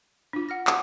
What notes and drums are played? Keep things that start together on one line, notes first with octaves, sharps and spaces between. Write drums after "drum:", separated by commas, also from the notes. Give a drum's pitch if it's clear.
D4 F4
F#5 F6 A#6
F#5 A5, drum: clap